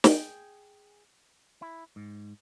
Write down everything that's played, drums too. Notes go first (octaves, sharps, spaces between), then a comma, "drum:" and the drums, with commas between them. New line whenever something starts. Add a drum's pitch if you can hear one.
G#4 G5, drum: snare
E4
G#2